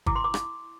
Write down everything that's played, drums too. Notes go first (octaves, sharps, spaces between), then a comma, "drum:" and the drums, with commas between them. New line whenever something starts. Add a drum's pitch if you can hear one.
E4 D6, drum: kick G1
C6
D6
drum: rim click